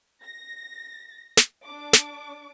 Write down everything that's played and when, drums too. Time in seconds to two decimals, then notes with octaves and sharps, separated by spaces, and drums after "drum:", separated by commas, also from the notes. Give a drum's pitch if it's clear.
0.25 A#6
1.37 drum: snare
1.65 D4 D6
1.93 drum: snare